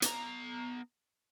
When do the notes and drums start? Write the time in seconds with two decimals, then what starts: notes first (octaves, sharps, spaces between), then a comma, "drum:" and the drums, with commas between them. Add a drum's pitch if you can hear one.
0.02 B3 A#5, drum: hi-hat